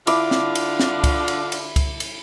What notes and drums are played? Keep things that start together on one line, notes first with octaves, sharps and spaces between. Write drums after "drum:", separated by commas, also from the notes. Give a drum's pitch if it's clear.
D3 D4 E4 F4 D6, drum: cymbal
drum: snare
drum: cymbal
drum: snare
drum: kick C#2, cymbal
drum: cymbal
drum: cymbal
drum: kick C#2, cymbal
drum: cymbal